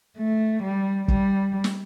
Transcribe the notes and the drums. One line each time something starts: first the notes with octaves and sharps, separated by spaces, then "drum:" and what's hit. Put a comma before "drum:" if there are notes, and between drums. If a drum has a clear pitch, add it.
A3
G3
G3, drum: kick
drum: snare